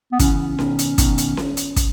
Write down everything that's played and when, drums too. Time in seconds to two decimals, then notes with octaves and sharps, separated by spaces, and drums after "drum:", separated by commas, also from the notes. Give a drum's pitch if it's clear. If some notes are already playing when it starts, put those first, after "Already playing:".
0.12 B3
0.19 C#3 E3 C#4, drum: kick, hi-hat
0.59 B2 D#3, drum: snare C#4
0.79 drum: hi-hat
0.98 B2 D#3, drum: kick, hi-hat
1.18 drum: hi-hat
1.37 drum: snare C#4
1.57 drum: hi-hat
1.76 drum: kick, hi-hat